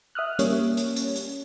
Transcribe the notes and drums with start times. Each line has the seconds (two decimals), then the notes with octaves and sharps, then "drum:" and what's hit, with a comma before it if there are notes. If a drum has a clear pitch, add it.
0.15 E5 D#6 F6 F#6
0.39 G3 A#3 C#4 C#5, drum: hi-hat
0.77 drum: hi-hat
0.96 drum: hi-hat
1.16 drum: hi-hat